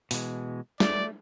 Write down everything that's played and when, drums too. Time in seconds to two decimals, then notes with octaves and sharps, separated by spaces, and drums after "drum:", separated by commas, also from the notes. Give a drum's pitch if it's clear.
0.11 B2 E3 G#3, drum: open hi-hat
0.80 A3 D5, drum: snare